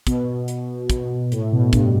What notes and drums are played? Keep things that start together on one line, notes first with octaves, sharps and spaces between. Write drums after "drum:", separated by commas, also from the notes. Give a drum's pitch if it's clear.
B2, drum: kick, hi-hat
drum: hi-hat
drum: kick, hi-hat
A2, drum: hi-hat
B2
G2, drum: kick, hi-hat